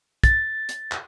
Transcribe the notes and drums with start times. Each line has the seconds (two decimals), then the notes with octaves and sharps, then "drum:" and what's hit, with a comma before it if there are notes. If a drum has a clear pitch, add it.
0.24 A6, drum: kick, hi-hat
0.69 drum: hi-hat
0.92 drum: clap